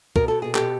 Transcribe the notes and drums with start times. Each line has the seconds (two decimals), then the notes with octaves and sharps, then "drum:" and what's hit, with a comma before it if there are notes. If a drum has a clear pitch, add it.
0.16 B2 A#4, drum: kick
0.28 B2 A4
0.42 B2 G#4
0.55 B2 G4 A4, drum: clap